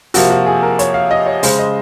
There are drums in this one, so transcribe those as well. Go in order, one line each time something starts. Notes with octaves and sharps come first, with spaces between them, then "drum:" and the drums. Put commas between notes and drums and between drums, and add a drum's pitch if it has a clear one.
C3 F3 A#3 F#4, drum: open hi-hat
F#4
G#4
A#4
C#5, drum: hi-hat
F5
D#5
C#5
C#3 G#3 C5, drum: open hi-hat
D#5